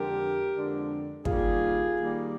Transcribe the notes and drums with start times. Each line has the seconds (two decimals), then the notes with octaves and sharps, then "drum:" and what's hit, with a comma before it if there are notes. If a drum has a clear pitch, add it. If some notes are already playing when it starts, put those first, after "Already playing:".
Already playing: F2 D3 G#3 D4 G4 A#4
0.53 F2 D3 G#3 D4
1.25 D#3 G3 A#3 F4 G#4, drum: kick
1.99 D#3 G3 A#3